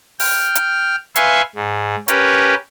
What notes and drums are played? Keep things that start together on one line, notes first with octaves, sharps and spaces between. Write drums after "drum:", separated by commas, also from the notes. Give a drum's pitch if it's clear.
G5 F6, drum: open hi-hat
drum: hi-hat
B4 E5 F5 G#5 C6 C#6, drum: hi-hat
G#2
C#4 G4 A#4 B4 C#5, drum: hi-hat